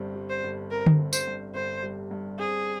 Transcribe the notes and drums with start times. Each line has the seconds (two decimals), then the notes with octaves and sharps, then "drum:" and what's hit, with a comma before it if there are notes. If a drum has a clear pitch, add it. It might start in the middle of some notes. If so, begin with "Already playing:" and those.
Already playing: G1 G2 G3 C4
0.15 G3
0.30 C5
0.43 G1
0.71 C4 A#4
0.86 drum: tom D3
0.99 G1
1.13 C5, drum: tambourine
1.27 G2
1.54 G1 C5
1.83 G3
2.11 G2
2.39 C4 G#4